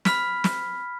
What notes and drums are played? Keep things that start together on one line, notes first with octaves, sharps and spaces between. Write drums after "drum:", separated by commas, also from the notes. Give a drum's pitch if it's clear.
B5 F6 B6, drum: snare
drum: snare